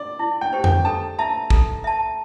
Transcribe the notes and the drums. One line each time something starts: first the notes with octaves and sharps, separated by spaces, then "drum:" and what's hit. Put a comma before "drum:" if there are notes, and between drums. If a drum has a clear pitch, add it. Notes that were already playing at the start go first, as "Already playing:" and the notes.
Already playing: D5
E4
G5
G4 C5
G5, drum: tom F2
A4 A5
E5 A5 A#5
A4, drum: kick
E5 A5